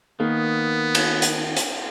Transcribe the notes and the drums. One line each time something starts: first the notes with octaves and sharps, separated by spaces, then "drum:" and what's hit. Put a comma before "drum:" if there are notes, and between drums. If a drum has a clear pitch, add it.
D#3 A#3 B3
drum: cymbal
drum: hi-hat
drum: hi-hat